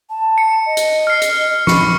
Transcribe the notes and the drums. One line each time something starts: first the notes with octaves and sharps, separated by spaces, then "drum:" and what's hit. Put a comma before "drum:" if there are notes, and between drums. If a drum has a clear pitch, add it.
A5
C#7
D#5
drum: hi-hat
F6 C7
drum: hi-hat
B5 C#6 C#7, drum: snare